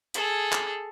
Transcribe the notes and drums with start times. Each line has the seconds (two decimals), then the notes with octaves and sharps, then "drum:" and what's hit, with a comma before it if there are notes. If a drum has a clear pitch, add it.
0.14 G#4 A4, drum: hi-hat
0.52 drum: clap